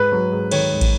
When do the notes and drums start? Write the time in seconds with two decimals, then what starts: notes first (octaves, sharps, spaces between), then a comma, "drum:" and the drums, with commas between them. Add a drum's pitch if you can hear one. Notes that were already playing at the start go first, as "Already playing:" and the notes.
Already playing: G#2 B4
0.12 F#3
0.32 G#2
0.51 D#3 C#5, drum: cymbal
0.72 G#2
0.81 drum: kick, cymbal